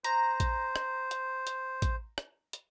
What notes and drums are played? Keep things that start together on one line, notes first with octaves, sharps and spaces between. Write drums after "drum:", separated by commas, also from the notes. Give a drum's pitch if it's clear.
C5 A#5, drum: hi-hat
drum: kick A1, hi-hat
drum: rim click
drum: hi-hat
drum: hi-hat
drum: kick A1, hi-hat
drum: rim click
drum: hi-hat